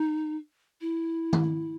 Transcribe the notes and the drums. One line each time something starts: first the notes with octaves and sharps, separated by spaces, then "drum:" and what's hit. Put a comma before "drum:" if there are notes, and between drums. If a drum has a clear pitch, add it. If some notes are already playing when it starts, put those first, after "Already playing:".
Already playing: D#4
E4
drum: tom D#3